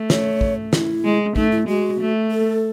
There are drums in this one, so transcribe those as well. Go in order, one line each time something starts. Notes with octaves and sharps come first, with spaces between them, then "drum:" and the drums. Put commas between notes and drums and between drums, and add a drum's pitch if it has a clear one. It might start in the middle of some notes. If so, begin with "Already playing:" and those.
Already playing: A3
C#5, drum: snare
drum: kick
E4, drum: snare
G#3
A3 D#4, drum: kick
E4
G#3 F#4
A3
A4